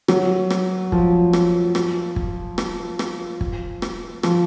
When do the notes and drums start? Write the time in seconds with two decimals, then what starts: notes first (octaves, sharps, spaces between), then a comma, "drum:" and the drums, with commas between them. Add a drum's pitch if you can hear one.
0.08 F#3, drum: rim click
0.50 drum: rim click
0.92 F3, drum: kick
1.33 drum: rim click
1.75 drum: rim click
2.16 drum: kick
2.58 drum: rim click
2.99 drum: rim click
3.41 drum: kick
3.82 drum: rim click
4.23 F3, drum: rim click